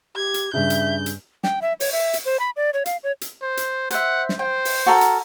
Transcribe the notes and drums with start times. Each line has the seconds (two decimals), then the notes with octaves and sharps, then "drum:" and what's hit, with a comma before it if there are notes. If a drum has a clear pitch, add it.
0.16 G4 G#6
0.34 drum: hi-hat
0.54 G2 C#3 E5 G6
0.70 drum: hi-hat
1.06 drum: hi-hat
1.44 G5, drum: snare
1.62 E5
1.80 C#5, drum: open hi-hat
1.92 E5
2.14 drum: hi-hat
2.25 C5
2.40 B5
2.56 D5
2.74 C#5
2.86 F5, drum: hi-hat
3.03 C#5
3.21 drum: hi-hat
3.42 C5
3.57 drum: hi-hat
3.91 C5 E5 F#5, drum: hi-hat
4.29 drum: snare
4.39 C5 G5
4.65 drum: open hi-hat
4.86 F#4 A4 A#4
5.01 drum: hi-hat